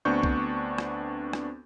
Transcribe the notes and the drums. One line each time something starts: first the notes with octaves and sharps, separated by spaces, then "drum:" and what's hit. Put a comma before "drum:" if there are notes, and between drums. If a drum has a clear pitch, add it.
D2 B3 C4 D4 C#6 G6
drum: kick
drum: rim click
drum: rim click